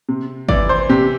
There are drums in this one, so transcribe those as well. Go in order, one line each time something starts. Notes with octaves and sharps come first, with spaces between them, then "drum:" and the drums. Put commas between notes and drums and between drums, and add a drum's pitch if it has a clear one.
C3
E3 D5, drum: kick G#1
C5
C3 G4